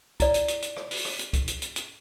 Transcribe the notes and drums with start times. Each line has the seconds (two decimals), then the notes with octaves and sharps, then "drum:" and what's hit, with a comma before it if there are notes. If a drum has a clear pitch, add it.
0.20 E4 D5, drum: kick, hi-hat
0.34 drum: hi-hat
0.48 drum: hi-hat
0.62 drum: hi-hat
0.77 drum: rim click
0.91 drum: open hi-hat
1.05 drum: rim click
1.19 drum: hi-hat
1.33 drum: kick, hi-hat
1.48 drum: hi-hat
1.62 drum: hi-hat
1.76 drum: hi-hat